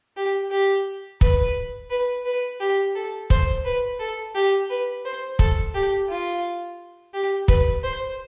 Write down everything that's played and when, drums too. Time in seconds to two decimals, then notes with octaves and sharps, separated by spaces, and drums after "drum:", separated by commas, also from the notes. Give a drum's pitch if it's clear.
0.17 G4
0.51 G4
1.21 B4, drum: kick
1.90 B4
2.25 B4
2.60 G4
2.95 A4
3.30 C5, drum: kick
3.65 B4
3.99 A4
4.35 G4
4.69 B4
5.05 C5
5.39 A4, drum: kick
5.74 G4
6.09 F4
7.14 G4
7.48 B4, drum: kick
7.83 C5